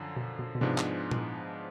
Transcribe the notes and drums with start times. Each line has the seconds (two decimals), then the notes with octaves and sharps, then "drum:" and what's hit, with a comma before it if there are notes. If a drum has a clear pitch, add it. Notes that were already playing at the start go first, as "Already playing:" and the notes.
Already playing: F#2 D3 F3
0.16 B2
0.39 B2
0.55 B2
0.61 G#2 C3 F3 G#3 B3 D4
0.78 drum: clap
1.11 drum: tom A#2